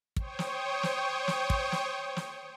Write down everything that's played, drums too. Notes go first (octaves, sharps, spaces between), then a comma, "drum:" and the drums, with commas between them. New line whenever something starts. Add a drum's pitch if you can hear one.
C5 C#5 G5 C#6 D#6, drum: kick
drum: snare
drum: snare
drum: snare
drum: kick
drum: snare
drum: snare